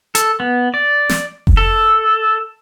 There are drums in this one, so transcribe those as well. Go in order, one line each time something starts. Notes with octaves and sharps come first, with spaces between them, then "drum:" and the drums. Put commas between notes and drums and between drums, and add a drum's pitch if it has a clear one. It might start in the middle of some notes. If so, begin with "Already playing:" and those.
A4, drum: hi-hat
B3
D5
drum: snare
drum: kick F1
A4